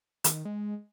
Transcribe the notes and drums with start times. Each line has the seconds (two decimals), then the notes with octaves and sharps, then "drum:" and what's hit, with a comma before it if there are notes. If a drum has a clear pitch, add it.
0.24 D#3, drum: hi-hat
0.45 G#3